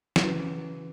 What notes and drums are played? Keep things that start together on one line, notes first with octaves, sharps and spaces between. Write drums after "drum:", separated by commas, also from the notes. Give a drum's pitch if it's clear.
F#3, drum: snare
C#3 E3